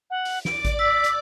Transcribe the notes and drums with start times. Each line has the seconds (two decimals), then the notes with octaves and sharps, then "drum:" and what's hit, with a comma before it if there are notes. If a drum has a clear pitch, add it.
0.10 F#5
0.25 drum: open hi-hat
0.45 D5 D6 D7, drum: snare
0.65 drum: kick A1, hi-hat
0.79 E6 B6
1.04 drum: hi-hat